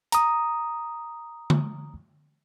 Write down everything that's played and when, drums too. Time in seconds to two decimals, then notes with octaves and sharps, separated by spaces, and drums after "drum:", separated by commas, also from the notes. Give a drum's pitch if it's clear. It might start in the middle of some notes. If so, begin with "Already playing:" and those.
0.12 A#5 D#6, drum: hi-hat
1.50 drum: tom D3